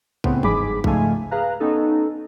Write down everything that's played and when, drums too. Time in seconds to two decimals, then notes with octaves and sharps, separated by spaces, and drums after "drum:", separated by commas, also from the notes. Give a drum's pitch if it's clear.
0.24 A2 C#3 B3 C4, drum: kick
0.43 G1 G#2 G#4 B5 D6 B6, drum: tom D#3
0.84 G#2 C#3 F3 A3 F5 G#5, drum: kick
1.31 G#4 B4 F5 A#5 F#6
1.60 B3 C#4 D#4 A4